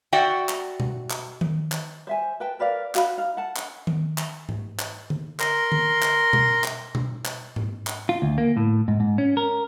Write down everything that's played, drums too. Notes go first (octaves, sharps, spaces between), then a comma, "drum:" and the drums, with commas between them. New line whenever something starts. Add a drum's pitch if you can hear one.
F#4 D5 E5 F#5 G5
drum: clap
drum: tom B2
drum: clap
drum: tom D#3
drum: clap
C5 E5 G#5
B4 G5 A5
A#4 B4 D5 F5
F#4 F5 B5, drum: clap
D#4 F5
F#5 A5
drum: clap
drum: tom D#3
drum: clap
drum: tom G#2
drum: clap
drum: tom D3
A#4 C6, drum: clap
drum: tom D3
drum: clap
drum: tom B2
drum: clap
drum: tom B2
drum: clap
drum: tom G#2
drum: clap
F4
D2
A#3
A2
G#2
G#2
C#4
A#4